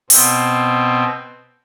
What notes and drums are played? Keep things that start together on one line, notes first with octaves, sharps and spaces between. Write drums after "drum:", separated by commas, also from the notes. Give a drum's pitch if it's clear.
B2 C4, drum: open hi-hat